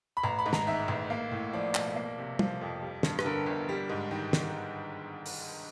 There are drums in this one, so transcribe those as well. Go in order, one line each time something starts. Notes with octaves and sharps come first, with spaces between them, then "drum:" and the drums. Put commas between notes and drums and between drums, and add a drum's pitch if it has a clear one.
B5
A1 A#5
B5
G#2
A#5, drum: snare
D#3 E5
A1
A#3
A2
F3 D5
B1, drum: clap
A#3
C3
F3, drum: tom
F2
G3
G2, drum: snare
B4, drum: rim click
D3 A#4
G1
G3
G#2
D#3
drum: snare
drum: open hi-hat